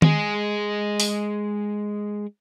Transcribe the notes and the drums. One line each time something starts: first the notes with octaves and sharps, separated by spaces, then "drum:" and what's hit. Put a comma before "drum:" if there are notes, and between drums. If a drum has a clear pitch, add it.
G#3 G#4, drum: tom D#3
drum: open hi-hat